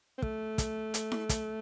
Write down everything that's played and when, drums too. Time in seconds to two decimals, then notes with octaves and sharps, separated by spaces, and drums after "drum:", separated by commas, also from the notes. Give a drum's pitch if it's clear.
0.18 C4
0.22 A3, drum: kick
0.58 drum: kick, hi-hat
0.94 drum: hi-hat
1.12 drum: snare E4
1.29 drum: kick, hi-hat